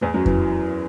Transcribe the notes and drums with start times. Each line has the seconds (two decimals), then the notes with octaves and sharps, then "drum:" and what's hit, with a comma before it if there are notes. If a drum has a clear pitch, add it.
0.01 E2 E3
0.14 F#2 F#3
0.26 E3, drum: kick F2